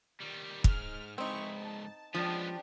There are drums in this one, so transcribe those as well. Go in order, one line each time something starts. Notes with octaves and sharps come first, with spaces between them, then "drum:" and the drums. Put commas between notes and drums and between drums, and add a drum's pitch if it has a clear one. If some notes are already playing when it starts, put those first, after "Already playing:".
D#3 G3
G#2 F6, drum: kick
C#2 G#2 C4 D#4 E4 C#6
A5
F3 G#3 B3 C#4 D4 G4